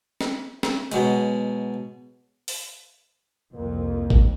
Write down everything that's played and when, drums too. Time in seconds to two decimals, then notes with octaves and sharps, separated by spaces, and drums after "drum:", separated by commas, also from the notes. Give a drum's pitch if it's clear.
0.21 drum: snare
0.63 drum: snare
0.91 B2 F#3 G#3, drum: hi-hat
2.48 drum: open hi-hat
3.55 C2 F2 A#3
4.10 drum: kick A1